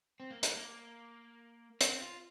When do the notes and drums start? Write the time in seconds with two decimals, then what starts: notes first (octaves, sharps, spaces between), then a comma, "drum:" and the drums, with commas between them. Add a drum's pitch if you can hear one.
0.20 C4
0.31 A#3
0.43 G3, drum: hi-hat
0.54 A#3
1.81 C4, drum: hi-hat
2.01 F4